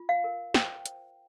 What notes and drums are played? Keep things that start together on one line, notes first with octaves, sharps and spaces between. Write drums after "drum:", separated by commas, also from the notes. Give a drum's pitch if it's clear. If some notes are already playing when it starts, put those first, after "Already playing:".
Already playing: F4
F5
A#4
C5 G5, drum: snare
drum: hi-hat